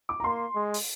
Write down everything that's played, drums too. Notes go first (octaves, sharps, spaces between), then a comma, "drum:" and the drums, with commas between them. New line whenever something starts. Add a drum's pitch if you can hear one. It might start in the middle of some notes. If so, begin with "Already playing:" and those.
D6
A#5
A#3 C6
G#3
drum: open hi-hat